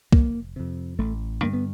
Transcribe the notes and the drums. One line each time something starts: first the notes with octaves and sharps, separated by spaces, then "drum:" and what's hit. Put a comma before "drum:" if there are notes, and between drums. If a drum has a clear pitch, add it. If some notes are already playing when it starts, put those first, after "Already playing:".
F1 A#3, drum: kick
F2 C3
A1 A3
G2 D3 A#3
B3